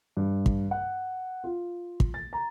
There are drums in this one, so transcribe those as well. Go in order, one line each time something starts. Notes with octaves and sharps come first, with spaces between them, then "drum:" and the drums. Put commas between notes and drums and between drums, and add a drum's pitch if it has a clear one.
G2
drum: kick
F#5
F4
drum: kick
A6
A#5